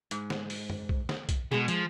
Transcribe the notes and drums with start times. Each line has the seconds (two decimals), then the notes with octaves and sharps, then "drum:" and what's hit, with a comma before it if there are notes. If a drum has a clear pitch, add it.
0.11 G#2, drum: hi-hat
0.30 drum: snare
0.50 drum: open hi-hat
0.70 drum: tom F#2
0.89 drum: kick B1
1.09 drum: snare
1.29 drum: kick B1, hi-hat
1.51 B2 G#3 G#4
1.68 F3, drum: hi-hat